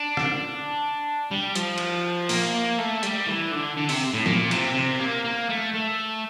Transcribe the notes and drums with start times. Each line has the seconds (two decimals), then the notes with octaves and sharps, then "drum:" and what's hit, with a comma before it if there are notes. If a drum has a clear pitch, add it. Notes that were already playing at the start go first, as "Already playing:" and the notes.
Already playing: D4
0.17 drum: rim click
1.31 G3
1.55 F3, drum: hi-hat
1.78 drum: cymbal
2.29 A#3, drum: open hi-hat
2.78 A3
3.03 G3, drum: hi-hat
3.28 E3
3.52 D3
3.77 D3
3.89 C3, drum: open hi-hat
4.14 A2
4.26 A#2, drum: tom
4.51 C3, drum: cymbal
4.75 C3
5.00 A#3
5.24 A#3
5.49 A3
5.73 A3